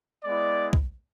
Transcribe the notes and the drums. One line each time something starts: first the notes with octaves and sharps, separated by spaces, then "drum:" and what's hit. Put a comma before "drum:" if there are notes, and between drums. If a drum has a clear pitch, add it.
G#3 B3 E4 D5
drum: kick